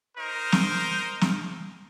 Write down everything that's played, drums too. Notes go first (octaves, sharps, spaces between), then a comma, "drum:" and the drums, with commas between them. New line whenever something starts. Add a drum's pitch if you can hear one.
D#4 A#4 C5
drum: snare
drum: snare